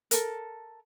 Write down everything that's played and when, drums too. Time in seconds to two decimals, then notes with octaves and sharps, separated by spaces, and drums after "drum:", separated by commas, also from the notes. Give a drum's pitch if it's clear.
0.11 A4 A#4, drum: hi-hat